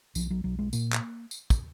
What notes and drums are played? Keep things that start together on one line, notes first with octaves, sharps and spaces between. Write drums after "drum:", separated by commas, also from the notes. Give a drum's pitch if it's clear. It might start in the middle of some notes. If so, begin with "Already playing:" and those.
B1 F3, drum: tambourine
F#3
B1 F#3
G#3
A#2 A#3, drum: tambourine
drum: clap
drum: tambourine
drum: kick, tambourine